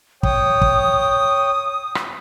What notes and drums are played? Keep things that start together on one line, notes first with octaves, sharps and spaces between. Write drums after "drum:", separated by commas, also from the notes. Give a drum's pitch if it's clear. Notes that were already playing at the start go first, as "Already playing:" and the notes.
C#5 G5 D#6, drum: kick
drum: kick
drum: rim click